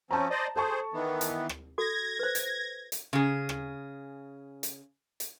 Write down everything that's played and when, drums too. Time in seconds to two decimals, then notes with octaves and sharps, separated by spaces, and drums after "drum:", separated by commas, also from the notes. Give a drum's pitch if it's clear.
0.11 F3 C4 C#4 A5 A#5
0.31 C5 D5 D#5
0.56 G#4 A4 C5 A5 C#6
0.93 D#3 E3 B3
1.21 drum: hi-hat
1.49 drum: rim click
1.78 F#4 A4 G#6 A#6
2.19 B4 C5
2.35 drum: hi-hat
2.92 drum: hi-hat
3.13 C#3 G#4
3.49 drum: rim click
4.63 drum: hi-hat
5.20 drum: hi-hat